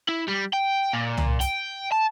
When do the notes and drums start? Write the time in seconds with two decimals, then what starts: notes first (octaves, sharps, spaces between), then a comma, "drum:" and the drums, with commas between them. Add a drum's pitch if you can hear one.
0.08 E4
0.28 G3
0.53 G5
0.93 A#2
1.17 drum: tom C2
1.41 G5, drum: hi-hat
1.92 A5